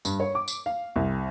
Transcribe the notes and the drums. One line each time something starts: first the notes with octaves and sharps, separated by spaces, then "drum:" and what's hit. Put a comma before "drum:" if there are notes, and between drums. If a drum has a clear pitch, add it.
G2, drum: tambourine
C#5
D6
drum: tambourine
F5
C2